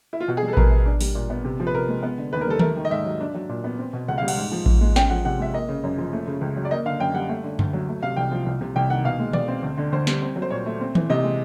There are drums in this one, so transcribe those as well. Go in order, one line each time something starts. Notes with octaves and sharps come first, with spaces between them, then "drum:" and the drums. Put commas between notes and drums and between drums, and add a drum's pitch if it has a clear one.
E4
F4
B2 F#4
G#4
G3
A4
B4
B2 A#4, drum: kick A1
B3
D4
G3, drum: open hi-hat
A#2
B3
C3
F3
B4
C3 A#4
G#3
B3
D3
D#2 B4
A#4
G3 A4
A3 A#4, drum: tom D#3
D#3
D#5
G#2 E5
F#3
D4
F#3
A#2
B3
C4
B2
C#2 F#5
F5
G3
F#5, drum: cymbal
G#2
F3
G#2, drum: kick A1
G#3
C#4 G5, drum: snare
F3 F#5
C3 F#5
G#3 E5
A#3 D#5
C#3
F#2
F3
A3
C#3
C#2
F#3
D5
A#3 D#5
D3 F5
F#2 G5
G3 F#5
A3
D3
D2, drum: tom F#2
F#3
A3
C3 F5
C2 G5
F3
C2
C3
C2 G5
D#3 F#5
B2 F5
G#3
B2 D5, drum: tom D#3
C4
D2
D3
D2 C5
G3, drum: snare
C4
F#3
C5
A#2 C#5
A3
C4
E3, drum: tom D#3
C3 D#5
G#3